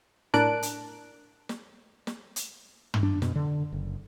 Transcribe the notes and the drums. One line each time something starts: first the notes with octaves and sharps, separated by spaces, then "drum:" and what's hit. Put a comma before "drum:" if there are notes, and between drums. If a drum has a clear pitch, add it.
A2 D4 A#4 A5 F#6 D7, drum: snare
drum: hi-hat
drum: snare
drum: snare
drum: hi-hat
drum: tom
D4
B2, drum: snare
D3
F#1